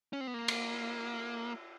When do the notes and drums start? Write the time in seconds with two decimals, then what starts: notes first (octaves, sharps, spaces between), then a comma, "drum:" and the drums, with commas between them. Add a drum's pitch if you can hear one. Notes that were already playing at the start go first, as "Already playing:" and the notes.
0.13 C#4
0.21 C4
0.27 B3
0.34 A#3
0.48 drum: cymbal